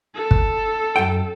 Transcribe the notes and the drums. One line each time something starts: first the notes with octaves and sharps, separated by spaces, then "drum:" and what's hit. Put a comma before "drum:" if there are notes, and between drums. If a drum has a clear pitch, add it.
A4
drum: kick
F#2 G5